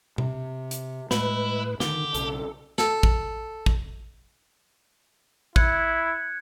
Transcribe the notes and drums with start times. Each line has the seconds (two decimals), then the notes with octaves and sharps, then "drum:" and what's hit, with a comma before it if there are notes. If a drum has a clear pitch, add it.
0.18 C3, drum: tom B2
0.71 drum: hi-hat
1.11 A2 G#3 E4 B4, drum: snare
1.80 D3 D#3 G4, drum: snare
2.14 B1 C#3 A4, drum: hi-hat
2.78 A4, drum: snare
3.03 drum: kick
3.66 drum: kick
5.56 E4 F#6 G#6 C#7, drum: kick